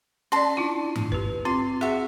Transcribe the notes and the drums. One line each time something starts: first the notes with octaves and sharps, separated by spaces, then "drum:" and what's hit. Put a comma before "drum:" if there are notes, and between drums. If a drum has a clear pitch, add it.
C#4 D5 A5 C6
D4 E4 F4
drum: tom G2
G4 B4, drum: kick
C4 F4 C6
F#4 G#4 E5